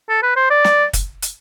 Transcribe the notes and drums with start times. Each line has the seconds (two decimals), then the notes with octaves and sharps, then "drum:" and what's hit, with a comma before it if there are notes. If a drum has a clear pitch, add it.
0.09 A4
0.23 B4
0.36 C5
0.50 D5
0.64 drum: snare
0.93 drum: kick, hi-hat
1.22 drum: hi-hat